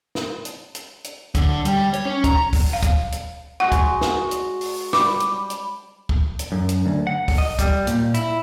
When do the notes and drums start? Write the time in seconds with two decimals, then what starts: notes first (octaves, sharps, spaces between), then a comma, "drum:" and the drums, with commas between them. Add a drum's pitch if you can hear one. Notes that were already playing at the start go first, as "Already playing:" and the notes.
0.15 drum: snare
0.45 drum: hi-hat
0.75 drum: hi-hat
1.04 drum: hi-hat
1.35 D3, drum: kick, hi-hat
1.65 G3, drum: hi-hat
1.93 C#5, drum: hi-hat
2.05 C#4
2.24 A#5, drum: kick, hi-hat
2.53 drum: kick, open hi-hat
2.73 F5
2.83 drum: kick, hi-hat
3.12 drum: hi-hat
3.60 G#3 F#4 F#5
3.72 drum: kick, hi-hat
4.01 drum: snare
4.31 drum: hi-hat
4.61 drum: open hi-hat
4.93 G3 D6, drum: snare
5.20 drum: hi-hat
5.50 drum: hi-hat
6.09 drum: kick
6.39 drum: hi-hat
6.52 F#2
6.69 drum: hi-hat
6.86 D2
7.07 F#5
7.28 drum: kick, open hi-hat
7.38 D#5
7.59 G3, drum: kick, hi-hat
7.87 A#2, drum: hi-hat
8.14 E4, drum: hi-hat